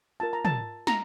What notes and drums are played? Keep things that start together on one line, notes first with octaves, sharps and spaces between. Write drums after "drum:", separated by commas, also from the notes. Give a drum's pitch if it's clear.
F4 A#4 A5
A#5
A5, drum: tom
A#5, drum: snare